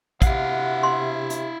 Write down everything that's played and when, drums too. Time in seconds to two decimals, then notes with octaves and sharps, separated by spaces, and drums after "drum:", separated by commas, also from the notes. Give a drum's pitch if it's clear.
0.22 C3 E4 F5 F#5, drum: kick, hi-hat
0.83 C6
1.30 drum: hi-hat